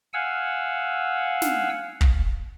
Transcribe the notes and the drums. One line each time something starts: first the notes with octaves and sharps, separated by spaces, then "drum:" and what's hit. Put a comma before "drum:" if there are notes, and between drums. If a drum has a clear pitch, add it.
F5 F#5 G#5 E6
drum: snare
drum: kick